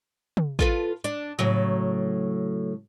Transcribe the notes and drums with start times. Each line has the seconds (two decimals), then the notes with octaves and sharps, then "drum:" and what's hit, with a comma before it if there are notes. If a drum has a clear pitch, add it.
0.37 drum: tom
0.59 F4 A4 B4, drum: kick
1.04 D4, drum: hi-hat
1.39 A2 C#3 F#3